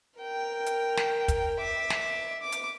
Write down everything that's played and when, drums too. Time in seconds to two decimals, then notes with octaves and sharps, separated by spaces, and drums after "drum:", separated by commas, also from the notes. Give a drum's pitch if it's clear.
0.19 A#4 G5
0.66 drum: hi-hat
0.97 drum: snare
1.28 drum: kick, hi-hat
1.59 E5 D6
1.90 drum: snare
2.42 D6
2.52 drum: hi-hat